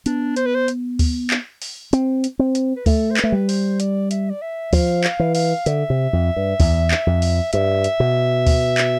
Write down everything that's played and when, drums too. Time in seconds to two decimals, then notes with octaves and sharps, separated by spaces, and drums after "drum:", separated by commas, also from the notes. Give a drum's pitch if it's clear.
0.06 B3 D4, drum: hi-hat
0.36 C5, drum: hi-hat
0.46 B4
0.55 C5
0.68 drum: hi-hat
0.99 drum: kick D2, open hi-hat
1.30 drum: clap
1.62 drum: open hi-hat
1.93 C4, drum: hi-hat
2.24 drum: hi-hat
2.39 C4
2.55 drum: hi-hat
2.76 B4
2.86 A3 A4, drum: kick D2, open hi-hat
3.11 C5
3.17 B4, drum: clap
3.24 A3
3.32 G3
3.49 C5, drum: open hi-hat
3.80 D5, drum: hi-hat
4.11 E5, drum: hi-hat
4.30 D5
4.42 E5
4.73 F3 F5, drum: kick D2, open hi-hat
5.04 F5, drum: clap
5.20 E3
5.35 F5, drum: open hi-hat
5.66 D3 E5, drum: hi-hat
5.90 C3
6.13 F2
6.36 G2
6.60 E2, drum: kick D2, open hi-hat
6.91 drum: clap
7.07 F2
7.22 drum: open hi-hat
7.53 G2 E5, drum: hi-hat
7.84 drum: hi-hat
8.00 B2
8.47 drum: kick D2, open hi-hat
8.78 drum: clap